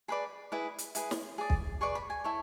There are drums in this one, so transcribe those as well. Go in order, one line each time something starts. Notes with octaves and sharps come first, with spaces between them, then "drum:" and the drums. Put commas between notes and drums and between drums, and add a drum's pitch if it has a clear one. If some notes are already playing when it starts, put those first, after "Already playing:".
G#4 B4 D5 B5
E4 G#4 B4
drum: hi-hat
E4 G#4 B4, drum: hi-hat
drum: snare
G#4 D5
drum: kick
G#4 B4 D5 C#6
B5
G#5
E4 A4 C#5